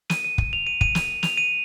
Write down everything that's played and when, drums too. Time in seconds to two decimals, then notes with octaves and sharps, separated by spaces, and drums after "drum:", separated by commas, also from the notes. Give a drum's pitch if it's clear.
0.10 D#7, drum: snare
0.25 D#7
0.38 drum: kick
0.53 F7
0.67 D#7
0.81 D#7, drum: kick
0.95 drum: snare
1.23 F7, drum: snare
1.37 D#7